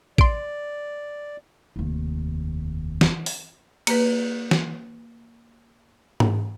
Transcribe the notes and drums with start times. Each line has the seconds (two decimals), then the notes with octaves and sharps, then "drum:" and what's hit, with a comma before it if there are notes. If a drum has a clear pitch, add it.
0.18 D5 C6 D7, drum: kick
1.76 F1 D#2
3.01 drum: snare
3.26 drum: open hi-hat
3.87 A#3 B4, drum: cymbal
4.51 drum: snare
6.20 drum: tom G#2